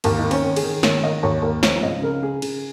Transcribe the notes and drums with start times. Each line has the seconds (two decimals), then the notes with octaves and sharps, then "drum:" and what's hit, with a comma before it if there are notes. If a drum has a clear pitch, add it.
0.04 D#2 A#3, drum: cymbal
0.19 D#4
0.24 D#3
0.31 C#4, drum: cymbal
0.44 D#3
0.56 G#4, drum: cymbal
0.63 D#3
0.83 D#3 C#5, drum: snare
1.03 D#3 D#5
1.23 D#2 C#5
1.42 D#2 A#4
1.63 F3 C#5, drum: snare
1.83 C#2 D#5
2.02 C#3 A#4
2.22 C#3 G#4
2.42 C#3, drum: cymbal